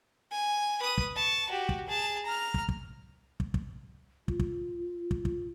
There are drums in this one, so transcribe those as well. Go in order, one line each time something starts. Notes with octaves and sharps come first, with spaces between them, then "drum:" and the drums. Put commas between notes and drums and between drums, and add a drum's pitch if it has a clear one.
G#5
B4 D#6
drum: kick
A5 C#6
F#4 G4
drum: kick
G#4 A5
A#5 F6
drum: kick
drum: kick
drum: kick
drum: kick
F4, drum: kick
drum: kick
drum: kick
drum: kick